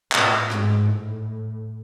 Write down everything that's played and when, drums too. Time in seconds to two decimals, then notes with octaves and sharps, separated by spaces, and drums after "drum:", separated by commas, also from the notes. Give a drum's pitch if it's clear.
0.12 A2, drum: clap
0.50 G#2, drum: rim click
0.87 A2